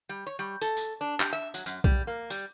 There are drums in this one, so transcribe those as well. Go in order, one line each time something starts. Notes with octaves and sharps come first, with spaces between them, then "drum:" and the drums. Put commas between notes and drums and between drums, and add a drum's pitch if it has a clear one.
G3
C#5
G3
A4, drum: tambourine
drum: tambourine
D4
G4, drum: clap
E5
F#3, drum: tambourine
F#2, drum: tambourine
G3, drum: kick B1
A#3
G3, drum: tambourine